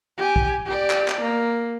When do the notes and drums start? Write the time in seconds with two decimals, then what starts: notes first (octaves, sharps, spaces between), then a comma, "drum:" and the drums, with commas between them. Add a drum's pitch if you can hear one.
0.18 G4 G#5
0.36 drum: kick
0.66 G4 D5
0.90 drum: clap
1.08 drum: clap
1.21 A#3